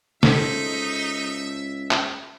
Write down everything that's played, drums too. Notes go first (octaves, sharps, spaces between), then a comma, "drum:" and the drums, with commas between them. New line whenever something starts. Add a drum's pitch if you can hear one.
C#2 D#4 A4 C5 E5, drum: snare
drum: clap